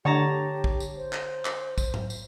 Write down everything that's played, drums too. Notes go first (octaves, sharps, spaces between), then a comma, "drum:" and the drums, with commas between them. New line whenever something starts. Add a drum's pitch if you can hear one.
D3 G4 C#5 A5 A#5
drum: kick
drum: tambourine
C5
drum: clap
drum: clap
drum: kick, tambourine
drum: tom G#2
drum: tambourine